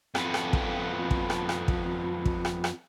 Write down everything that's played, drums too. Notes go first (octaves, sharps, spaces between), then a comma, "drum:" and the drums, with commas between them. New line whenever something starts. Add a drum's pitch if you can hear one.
F2 B3, drum: rim click
drum: rim click
drum: kick
drum: kick
drum: rim click
drum: rim click
drum: kick
drum: kick
drum: rim click
drum: rim click